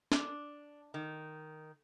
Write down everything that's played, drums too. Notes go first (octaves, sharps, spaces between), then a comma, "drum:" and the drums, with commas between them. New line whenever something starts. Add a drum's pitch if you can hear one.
D4, drum: snare
D#3